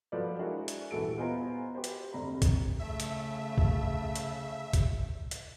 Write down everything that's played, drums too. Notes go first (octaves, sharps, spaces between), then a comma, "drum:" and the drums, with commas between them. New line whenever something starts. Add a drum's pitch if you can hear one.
F3 F#3 F4 A4 B4 D5
G#3 D4 E4 F#4 G#4 A#4
drum: hi-hat
D#1 E3 F#4 A4 D7
B3 F4 C5 D#5 G#5 A#5
F#4 G4 B4 C5
drum: hi-hat
F1 C2 D3 G3 A#5 B5
drum: kick C2, hi-hat
C#3 A3 E5
drum: hi-hat
drum: kick C2
drum: hi-hat
drum: kick C2, hi-hat
drum: hi-hat